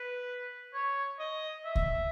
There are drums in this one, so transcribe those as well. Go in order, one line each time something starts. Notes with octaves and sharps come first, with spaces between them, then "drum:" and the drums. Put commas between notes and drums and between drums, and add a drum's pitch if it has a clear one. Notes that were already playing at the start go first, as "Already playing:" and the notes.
Already playing: B4
C#5
D#5
E5
drum: kick C#2